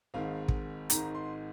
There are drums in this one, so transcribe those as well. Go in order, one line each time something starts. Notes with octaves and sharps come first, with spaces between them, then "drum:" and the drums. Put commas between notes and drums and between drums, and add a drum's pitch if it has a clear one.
G#1 G#2 D#3 F5
drum: kick
G#1 G#2 D#3 A#5, drum: hi-hat
C6